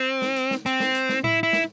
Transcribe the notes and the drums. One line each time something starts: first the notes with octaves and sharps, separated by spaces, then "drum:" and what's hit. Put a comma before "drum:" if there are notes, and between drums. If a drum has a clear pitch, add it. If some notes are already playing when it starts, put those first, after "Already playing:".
Already playing: C4
drum: snare
drum: hi-hat
drum: snare
C4, drum: hi-hat
drum: snare
drum: hi-hat
drum: snare
E4, drum: tom A2
E4
drum: snare